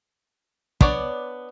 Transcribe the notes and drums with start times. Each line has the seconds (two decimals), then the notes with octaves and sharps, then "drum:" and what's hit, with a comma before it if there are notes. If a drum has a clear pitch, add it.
0.81 B3 D4 C#5 D5, drum: kick